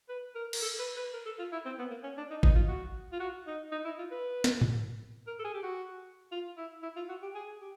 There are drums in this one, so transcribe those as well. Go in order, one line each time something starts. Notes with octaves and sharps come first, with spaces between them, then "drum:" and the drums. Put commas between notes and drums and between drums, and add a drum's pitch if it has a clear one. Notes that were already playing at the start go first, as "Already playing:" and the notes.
B4
A#4
A#4, drum: cymbal
A4
B4
B4
A#4
A4
F4
E4
C4
B3
A#3
C#4
D4
D#4
D#4, drum: kick G#1
F4
F#4
F4
F#4
D#4
D#4
E4
F4
B4
drum: snare
drum: tom G#2
A#4
A4
G#4
G4
F#4
F4
E4
E4
F4
F#4
G4
G#4
G4